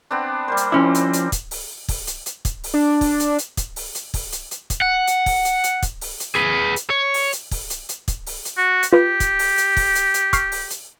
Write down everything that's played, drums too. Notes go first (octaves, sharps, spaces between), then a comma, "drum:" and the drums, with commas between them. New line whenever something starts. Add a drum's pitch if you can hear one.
B3 C4 D4
G3 A#3 C5
drum: hi-hat
F3 G3 C4 C#4 E4
drum: hi-hat
drum: hi-hat
drum: kick, hi-hat
drum: open hi-hat
drum: kick, open hi-hat
drum: hi-hat
drum: hi-hat
drum: kick, hi-hat
drum: open hi-hat
D4
drum: kick, open hi-hat
drum: hi-hat
drum: hi-hat
drum: kick, hi-hat
drum: open hi-hat
drum: hi-hat
drum: kick, open hi-hat
drum: hi-hat
drum: hi-hat
drum: kick, hi-hat
F#5
drum: hi-hat
drum: kick, open hi-hat
drum: hi-hat
drum: hi-hat
drum: kick, hi-hat
drum: open hi-hat
drum: hi-hat
G#4 B4
drum: hi-hat
C#5
drum: open hi-hat
drum: hi-hat
drum: kick, open hi-hat
drum: hi-hat
drum: hi-hat
drum: kick, hi-hat
drum: open hi-hat
drum: hi-hat
F#4
drum: hi-hat
F4 G4 B4
drum: kick, hi-hat
drum: open hi-hat
drum: hi-hat
drum: kick, open hi-hat
drum: hi-hat
drum: hi-hat
C#6 F6 C7, drum: kick, hi-hat
drum: open hi-hat
drum: hi-hat